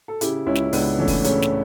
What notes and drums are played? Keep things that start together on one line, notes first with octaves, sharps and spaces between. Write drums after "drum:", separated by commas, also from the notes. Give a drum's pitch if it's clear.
A4
C#3 E4 G4, drum: hi-hat
C#2 C#4 E4
drum: snare
C#2 B3 D4, drum: open hi-hat
E3 A3 C#4
drum: kick, open hi-hat
C#3 A3 C#4, drum: hi-hat
drum: snare